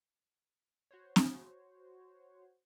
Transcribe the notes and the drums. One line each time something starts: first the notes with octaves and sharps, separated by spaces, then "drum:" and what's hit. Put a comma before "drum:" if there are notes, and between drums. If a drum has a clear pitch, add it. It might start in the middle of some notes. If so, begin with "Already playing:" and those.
F#4 C5 C#5
drum: snare C4